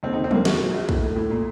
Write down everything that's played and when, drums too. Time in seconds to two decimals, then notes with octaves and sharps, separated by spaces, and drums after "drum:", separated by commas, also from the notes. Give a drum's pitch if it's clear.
0.03 D#2 C4
0.13 D3 D#4
0.24 C4
0.31 D#2 A#3, drum: tom F3
0.45 A#1 F#4, drum: snare
0.60 A#2
0.74 A#1
0.89 A2, drum: kick
1.02 A2
1.16 A2
1.31 A#2